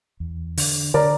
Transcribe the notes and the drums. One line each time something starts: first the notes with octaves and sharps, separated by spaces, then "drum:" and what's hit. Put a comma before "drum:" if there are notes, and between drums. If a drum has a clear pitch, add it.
E2
D3, drum: open hi-hat
D3 A#4 D5